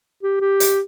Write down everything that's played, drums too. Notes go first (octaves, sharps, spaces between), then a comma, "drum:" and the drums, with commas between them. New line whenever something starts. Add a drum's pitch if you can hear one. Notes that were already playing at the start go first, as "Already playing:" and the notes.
G4
G4
drum: hi-hat